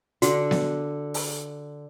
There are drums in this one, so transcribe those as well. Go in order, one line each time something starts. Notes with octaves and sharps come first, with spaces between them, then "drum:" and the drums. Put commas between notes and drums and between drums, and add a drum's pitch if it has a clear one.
D3 F#4, drum: hi-hat
drum: snare B3
drum: open hi-hat